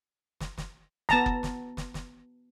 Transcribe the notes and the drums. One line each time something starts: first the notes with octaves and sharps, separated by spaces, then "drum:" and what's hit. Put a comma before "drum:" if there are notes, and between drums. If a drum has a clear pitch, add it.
drum: snare
drum: snare
B3 A5 A#5, drum: snare
drum: kick F#1
drum: snare
drum: snare
drum: snare